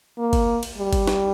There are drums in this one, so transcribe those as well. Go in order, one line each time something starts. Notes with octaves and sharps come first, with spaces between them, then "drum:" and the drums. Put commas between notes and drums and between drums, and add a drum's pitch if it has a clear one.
A#3
drum: kick G1, cymbal
drum: cymbal
G3
drum: kick G1, cymbal
drum: snare